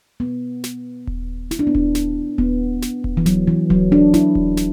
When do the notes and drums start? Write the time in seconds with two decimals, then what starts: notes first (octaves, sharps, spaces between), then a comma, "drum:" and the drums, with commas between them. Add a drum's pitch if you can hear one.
0.20 B3
0.64 drum: snare
1.07 drum: kick D#1
1.51 E4, drum: snare
1.59 D4
1.67 B3
1.75 D4, drum: kick D#1
1.95 drum: snare
2.38 B3, drum: kick D#1
2.82 drum: snare
3.04 drum: kick D#1
3.17 E3
3.26 F#3, drum: snare
3.47 E3
3.70 F#3, drum: kick D#1
3.92 D4
4.14 E4, drum: snare
4.35 drum: kick D#1
4.57 drum: snare